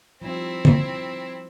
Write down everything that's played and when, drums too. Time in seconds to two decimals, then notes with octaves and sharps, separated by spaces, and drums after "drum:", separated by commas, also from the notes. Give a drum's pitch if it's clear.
0.22 F3 G3 C4 D#4 E4
0.65 drum: tom